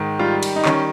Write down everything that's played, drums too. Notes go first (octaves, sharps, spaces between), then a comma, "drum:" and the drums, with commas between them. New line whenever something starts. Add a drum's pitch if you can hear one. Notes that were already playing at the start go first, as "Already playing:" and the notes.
Already playing: G#2 D#3
G3 F4
drum: cymbal
D#4
D#3 C#4, drum: clap